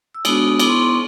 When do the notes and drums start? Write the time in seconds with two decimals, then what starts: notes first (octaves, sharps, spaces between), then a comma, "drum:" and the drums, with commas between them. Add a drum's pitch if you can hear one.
0.15 E6
0.25 G#3 B3 D4 F#4 D#6, drum: cymbal
0.37 D#6
0.48 D#6
0.59 B3 E4 D6, drum: cymbal
0.68 C6
0.72 C#6
0.80 C6
0.83 C#6